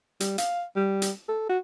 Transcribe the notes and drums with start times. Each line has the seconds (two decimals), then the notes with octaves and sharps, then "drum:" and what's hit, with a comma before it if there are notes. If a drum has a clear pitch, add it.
0.20 G3, drum: hi-hat
0.38 F5, drum: hi-hat
0.76 G3
1.02 drum: hi-hat
1.29 A4
1.49 F#4